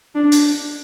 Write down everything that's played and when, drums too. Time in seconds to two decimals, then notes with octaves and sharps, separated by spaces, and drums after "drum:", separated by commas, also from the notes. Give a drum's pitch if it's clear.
0.15 D4
0.32 drum: hi-hat